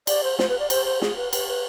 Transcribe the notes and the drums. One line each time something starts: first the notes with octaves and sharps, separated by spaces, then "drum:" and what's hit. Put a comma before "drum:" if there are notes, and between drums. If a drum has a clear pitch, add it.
D5, drum: cymbal
C5
C5, drum: snare
B4
D5
C5, drum: cymbal
C5
G#4, drum: snare
B4
B4, drum: cymbal
B4